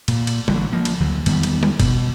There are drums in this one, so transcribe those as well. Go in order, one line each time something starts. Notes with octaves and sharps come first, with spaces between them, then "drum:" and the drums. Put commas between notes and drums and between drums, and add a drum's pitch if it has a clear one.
A#2, drum: cymbal
drum: cymbal
A1 D3, drum: tom G3
F3 A#3
drum: cymbal
D2 D3 F#3
E2 D#3 G3 B3, drum: cymbal
drum: cymbal
drum: tom G3
B2, drum: kick, cymbal